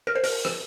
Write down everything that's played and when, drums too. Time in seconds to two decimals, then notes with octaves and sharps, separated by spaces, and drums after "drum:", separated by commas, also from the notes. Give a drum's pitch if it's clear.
0.07 A#4
0.15 C5
0.24 A#4, drum: open hi-hat
0.45 drum: rim click